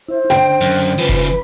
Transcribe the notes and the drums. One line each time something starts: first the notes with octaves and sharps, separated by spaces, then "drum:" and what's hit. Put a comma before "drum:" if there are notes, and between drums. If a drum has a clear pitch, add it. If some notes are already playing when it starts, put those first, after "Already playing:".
E4 C5
D3 G5, drum: snare
F#2
C#3 F3 B4
drum: kick F1